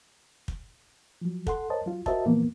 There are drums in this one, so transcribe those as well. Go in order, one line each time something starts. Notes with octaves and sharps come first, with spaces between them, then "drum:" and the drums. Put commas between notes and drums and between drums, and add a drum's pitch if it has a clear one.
drum: kick
F3 F#3
A4 F#5 C6, drum: kick
A#4 C5 C#5 D#5 A5
F#3 F4
F#4 A#4 C5 D#5 E5 A5, drum: kick
A#2 E3 F3 A#3 B3